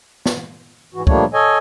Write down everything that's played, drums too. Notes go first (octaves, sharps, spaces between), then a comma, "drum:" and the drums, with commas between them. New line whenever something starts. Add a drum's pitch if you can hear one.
drum: snare
G#2 E3 F#4
F3 G3 A3 A#3 D4 C#5, drum: kick
A4 C#5 D#5 G#5